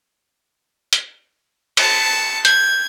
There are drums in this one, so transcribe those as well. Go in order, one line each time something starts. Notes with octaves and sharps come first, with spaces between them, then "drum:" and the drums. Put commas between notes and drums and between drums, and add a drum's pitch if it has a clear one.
drum: hi-hat
A5 C#7, drum: cymbal
G6 G#6, drum: hi-hat